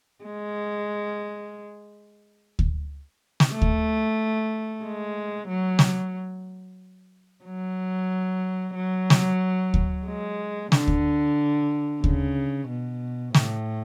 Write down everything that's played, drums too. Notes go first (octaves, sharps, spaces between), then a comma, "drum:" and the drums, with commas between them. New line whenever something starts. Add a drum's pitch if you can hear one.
G#3
drum: kick D2
drum: snare
A3
drum: kick D2
G#3
F#3
drum: snare
F#3
F#3
drum: snare
drum: kick D2
G#3
D3, drum: snare
drum: kick D2
C#3, drum: kick D2
B2
A2, drum: snare